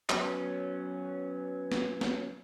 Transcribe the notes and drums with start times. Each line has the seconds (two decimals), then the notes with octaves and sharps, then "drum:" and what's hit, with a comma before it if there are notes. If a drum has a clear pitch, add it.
0.10 F#3 B3 C#4, drum: clap
1.72 drum: snare
2.01 drum: snare